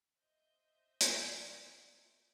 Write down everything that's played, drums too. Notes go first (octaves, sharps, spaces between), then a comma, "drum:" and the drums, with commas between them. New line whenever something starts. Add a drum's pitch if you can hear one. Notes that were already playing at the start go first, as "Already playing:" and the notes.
C5 D#5 E5 G6
drum: hi-hat